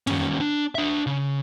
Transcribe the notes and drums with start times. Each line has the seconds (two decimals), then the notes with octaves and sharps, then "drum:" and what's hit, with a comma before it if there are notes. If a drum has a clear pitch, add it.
0.07 D#2 C#4, drum: tom
0.40 D4
0.75 D4 E5
1.07 C#3